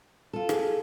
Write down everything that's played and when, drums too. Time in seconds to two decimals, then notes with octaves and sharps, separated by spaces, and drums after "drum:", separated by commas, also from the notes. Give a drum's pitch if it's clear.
0.33 F4 A4
0.49 D4 G#4, drum: rim click